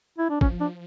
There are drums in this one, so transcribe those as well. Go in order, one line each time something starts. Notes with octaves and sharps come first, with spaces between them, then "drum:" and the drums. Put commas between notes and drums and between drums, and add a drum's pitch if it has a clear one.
E4
D4
F3 C#4, drum: kick
D4